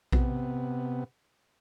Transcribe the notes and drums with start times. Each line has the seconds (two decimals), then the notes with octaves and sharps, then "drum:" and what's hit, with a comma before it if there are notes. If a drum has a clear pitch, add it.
0.13 C3 B3, drum: kick A#1